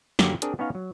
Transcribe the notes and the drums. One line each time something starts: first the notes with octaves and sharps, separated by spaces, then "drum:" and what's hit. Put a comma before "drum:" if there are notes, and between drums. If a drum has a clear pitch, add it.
F#2 D3 F#3 A#3 G4 A#4, drum: snare
C4 D4 G#4 A#4, drum: hi-hat
B3 C#4 D#4 C#5 F5
F#3